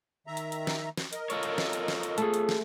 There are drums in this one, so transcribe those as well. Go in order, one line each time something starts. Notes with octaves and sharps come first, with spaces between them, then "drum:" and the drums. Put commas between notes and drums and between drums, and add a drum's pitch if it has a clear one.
D#3 E5 A#5
drum: hi-hat
drum: hi-hat
drum: snare
drum: snare
A#4 D#5, drum: hi-hat
F4 A4 C#5, drum: hi-hat
drum: hi-hat
drum: snare
drum: hi-hat
drum: snare
drum: hi-hat
A3 G#4 A5, drum: hi-hat
drum: hi-hat
drum: snare